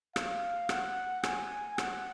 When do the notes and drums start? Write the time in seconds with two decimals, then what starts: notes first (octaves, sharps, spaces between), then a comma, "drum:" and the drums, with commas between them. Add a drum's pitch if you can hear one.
0.16 F5, drum: rim click
0.69 F#5, drum: rim click
1.23 G#5, drum: rim click
1.78 F#5, drum: rim click